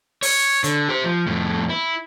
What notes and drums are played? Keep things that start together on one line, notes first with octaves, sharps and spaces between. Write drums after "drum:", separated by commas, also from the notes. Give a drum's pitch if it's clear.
C#5, drum: open hi-hat
D3, drum: hi-hat
G4 C5
F3
F2 A2
E4